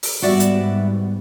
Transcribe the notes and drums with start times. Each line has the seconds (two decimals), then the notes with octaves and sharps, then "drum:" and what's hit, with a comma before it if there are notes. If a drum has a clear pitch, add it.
0.03 drum: open hi-hat
0.22 G#2 G3 B3 F#4 D5 E5
0.40 drum: hi-hat